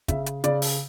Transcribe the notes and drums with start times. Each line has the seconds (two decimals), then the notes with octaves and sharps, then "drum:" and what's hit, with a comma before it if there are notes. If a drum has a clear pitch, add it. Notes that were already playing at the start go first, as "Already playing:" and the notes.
0.08 C#3 E5, drum: kick, hi-hat
0.26 drum: hi-hat
0.44 C#3 D5, drum: hi-hat
0.62 drum: open hi-hat